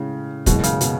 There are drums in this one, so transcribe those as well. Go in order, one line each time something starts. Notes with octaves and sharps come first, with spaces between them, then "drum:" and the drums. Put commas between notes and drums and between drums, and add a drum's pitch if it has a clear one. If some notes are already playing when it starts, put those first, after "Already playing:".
Already playing: A2 C#3 G#3 C#4
F#1 F#2 B2 E3 G#3, drum: kick, hi-hat
C#3, drum: hi-hat
B2, drum: hi-hat